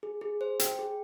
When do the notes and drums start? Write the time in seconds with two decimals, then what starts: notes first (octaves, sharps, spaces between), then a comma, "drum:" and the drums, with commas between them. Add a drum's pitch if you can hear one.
0.03 G#4
0.21 G#4
0.41 C5
0.59 G5, drum: hi-hat
0.79 G#4